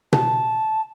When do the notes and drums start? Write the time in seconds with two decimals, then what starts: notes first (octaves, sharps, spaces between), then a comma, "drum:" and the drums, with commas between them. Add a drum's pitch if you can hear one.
0.13 A5, drum: tom B2